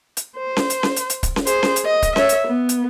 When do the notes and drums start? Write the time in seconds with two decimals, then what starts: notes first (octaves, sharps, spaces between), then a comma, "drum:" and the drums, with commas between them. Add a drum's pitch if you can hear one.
0.17 drum: hi-hat
0.37 C5
0.57 drum: snare C#4
0.70 drum: hi-hat
0.83 drum: snare C#4
0.96 drum: hi-hat
1.10 drum: hi-hat
1.23 drum: kick, hi-hat
1.36 drum: snare C#4
1.47 G#4 C5, drum: hi-hat
1.63 drum: snare C#4
1.76 drum: hi-hat
1.86 D#5
2.02 drum: kick, hi-hat
2.16 C#5 E5, drum: snare C#4
2.29 drum: hi-hat
2.48 B3
2.69 drum: hi-hat